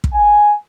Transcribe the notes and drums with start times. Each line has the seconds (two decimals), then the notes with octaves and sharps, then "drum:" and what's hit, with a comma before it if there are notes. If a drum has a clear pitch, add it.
0.04 drum: kick
0.13 G#5